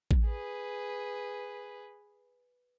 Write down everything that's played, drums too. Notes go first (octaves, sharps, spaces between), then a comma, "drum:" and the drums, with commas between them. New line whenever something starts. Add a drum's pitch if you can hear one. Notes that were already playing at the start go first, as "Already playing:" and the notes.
drum: kick A1
G#4 B4